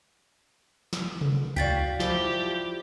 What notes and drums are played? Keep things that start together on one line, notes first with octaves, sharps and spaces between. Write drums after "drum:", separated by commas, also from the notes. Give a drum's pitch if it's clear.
drum: snare
drum: tom C3
F#4 D5 F5 G5 A6 B6, drum: kick C#2
F3 E4 G4, drum: snare